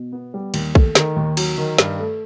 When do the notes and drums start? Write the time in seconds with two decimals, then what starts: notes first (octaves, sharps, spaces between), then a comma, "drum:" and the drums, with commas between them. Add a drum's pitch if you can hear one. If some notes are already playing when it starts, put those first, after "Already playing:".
Already playing: B2
0.12 B3
0.34 G3
0.54 D#2, drum: cymbal
0.75 A3, drum: kick A#1
0.95 D#3, drum: snare
1.17 D#2
1.37 F#3, drum: cymbal
1.58 D#3
1.78 G2, drum: snare
1.99 A3